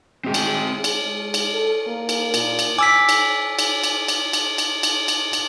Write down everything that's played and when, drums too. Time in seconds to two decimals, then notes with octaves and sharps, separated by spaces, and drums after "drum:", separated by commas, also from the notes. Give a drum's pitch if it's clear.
0.24 G#3 C4 F#4 G5
0.34 drum: cymbal
0.50 G#3
0.84 drum: cymbal
1.02 G#3
1.34 drum: cymbal
1.54 A4
1.87 A#3
2.09 drum: cymbal
2.34 A#2, drum: cymbal
2.59 drum: cymbal
2.78 G#5 D6 E6 B6
3.09 drum: cymbal
3.59 drum: cymbal
3.84 drum: cymbal
4.08 drum: cymbal
4.33 drum: cymbal
4.58 drum: cymbal
4.83 drum: cymbal
5.08 drum: cymbal
5.33 drum: cymbal